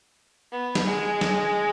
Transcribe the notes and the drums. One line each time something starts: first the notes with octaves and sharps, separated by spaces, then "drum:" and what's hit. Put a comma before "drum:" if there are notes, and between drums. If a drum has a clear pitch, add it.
B3
drum: snare
G#3
drum: snare